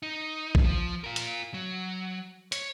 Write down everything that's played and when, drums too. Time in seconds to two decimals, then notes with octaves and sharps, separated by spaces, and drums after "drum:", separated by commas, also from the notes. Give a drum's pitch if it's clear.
0.03 D#4
0.55 drum: kick A#1
0.64 F3
1.04 F4 A#4
1.16 drum: hi-hat
1.54 F#3
2.52 C#5, drum: hi-hat